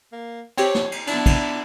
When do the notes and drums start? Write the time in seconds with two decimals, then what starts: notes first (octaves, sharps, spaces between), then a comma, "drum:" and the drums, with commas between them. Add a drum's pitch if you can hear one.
0.12 A#3
0.58 C4 G4 C#5, drum: cymbal
0.75 drum: snare
0.92 drum: cymbal
1.07 B3 D4 E4, drum: cymbal
1.26 drum: kick, cymbal